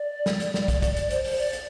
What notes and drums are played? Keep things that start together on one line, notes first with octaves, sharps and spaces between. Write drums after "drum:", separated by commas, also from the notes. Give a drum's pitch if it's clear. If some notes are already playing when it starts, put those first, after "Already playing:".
Already playing: D5
drum: snare
drum: hi-hat
drum: snare
drum: kick, hi-hat
drum: kick, hi-hat
drum: hi-hat
C5, drum: hi-hat
C5, drum: open hi-hat
D5
drum: hi-hat